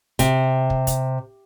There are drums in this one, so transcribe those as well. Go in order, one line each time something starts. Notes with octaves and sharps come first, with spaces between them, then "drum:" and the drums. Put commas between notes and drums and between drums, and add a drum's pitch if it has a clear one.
C3, drum: kick, hi-hat
drum: kick
drum: kick, hi-hat